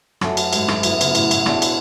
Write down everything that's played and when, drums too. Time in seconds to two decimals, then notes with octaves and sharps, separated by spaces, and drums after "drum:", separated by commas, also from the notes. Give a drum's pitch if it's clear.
0.21 F#2 A3 C#4 F#4, drum: rim click
0.37 drum: cymbal
0.53 G#2, drum: cymbal
0.68 drum: rim click
0.83 F#2 F#3 B3 E4, drum: cymbal
1.01 C#3, drum: cymbal
1.08 B2
1.15 A2, drum: cymbal
1.31 A2, drum: cymbal
1.46 B2 D4 G#4 C#5 E5, drum: rim click
1.62 drum: cymbal